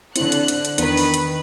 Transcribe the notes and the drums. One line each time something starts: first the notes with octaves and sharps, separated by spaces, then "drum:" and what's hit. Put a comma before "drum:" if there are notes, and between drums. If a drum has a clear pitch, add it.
D3 C4 E4 C5 F#6, drum: hi-hat
drum: hi-hat
drum: hi-hat
drum: hi-hat
E2 D#3 B3 D4 B4, drum: hi-hat
drum: open hi-hat
drum: hi-hat